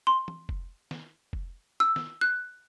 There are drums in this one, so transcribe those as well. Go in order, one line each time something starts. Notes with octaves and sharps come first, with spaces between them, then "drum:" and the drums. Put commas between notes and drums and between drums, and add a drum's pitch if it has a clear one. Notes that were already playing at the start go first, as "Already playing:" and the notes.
C6
drum: tom
drum: kick F1
drum: snare
drum: kick F1
E6
drum: snare
F#6